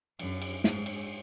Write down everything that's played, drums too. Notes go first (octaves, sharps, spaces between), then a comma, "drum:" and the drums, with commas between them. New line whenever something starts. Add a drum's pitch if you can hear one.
F#2, drum: cymbal
drum: cymbal
G#2, drum: snare
drum: cymbal